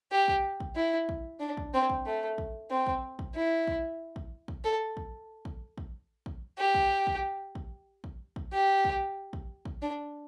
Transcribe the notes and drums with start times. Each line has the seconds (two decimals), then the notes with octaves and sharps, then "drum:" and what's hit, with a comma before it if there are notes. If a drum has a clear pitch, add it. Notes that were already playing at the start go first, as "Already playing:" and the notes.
0.12 G4
0.28 drum: kick
0.60 drum: kick
0.76 E4
1.09 drum: kick
1.41 D4
1.57 drum: kick
1.74 C4
1.90 drum: kick
2.06 A3
2.38 drum: kick
2.71 C4
2.87 drum: kick
3.19 drum: kick
3.35 E4
3.67 drum: kick
4.16 drum: kick
4.48 drum: kick
4.64 A4
4.97 drum: kick
5.45 drum: kick
5.78 drum: kick
6.26 drum: kick
6.58 G4
6.75 drum: kick
7.07 drum: kick
7.55 drum: kick
8.04 drum: kick
8.36 drum: kick
8.53 G4
8.85 drum: kick
9.33 drum: kick
9.65 drum: kick
9.82 D4